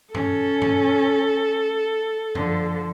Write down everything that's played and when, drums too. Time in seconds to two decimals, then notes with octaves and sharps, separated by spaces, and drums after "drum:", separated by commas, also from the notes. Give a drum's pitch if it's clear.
0.15 C#4 A4, drum: tom G2
0.62 drum: tom G2
2.35 D3 F3, drum: tom G2